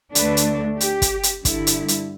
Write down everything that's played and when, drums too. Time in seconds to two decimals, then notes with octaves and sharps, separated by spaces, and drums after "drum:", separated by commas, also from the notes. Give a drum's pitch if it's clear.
0.15 D2 D3 A3 D4 B4, drum: hi-hat
0.37 drum: hi-hat
0.80 G4, drum: hi-hat
1.02 drum: kick, hi-hat
1.23 drum: hi-hat
1.45 G2 D3 G3 E4, drum: kick, hi-hat
1.67 drum: hi-hat
1.88 drum: hi-hat